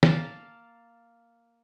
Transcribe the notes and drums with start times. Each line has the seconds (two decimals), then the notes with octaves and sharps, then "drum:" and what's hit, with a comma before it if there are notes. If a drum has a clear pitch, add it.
0.03 A#3 F5 A5, drum: snare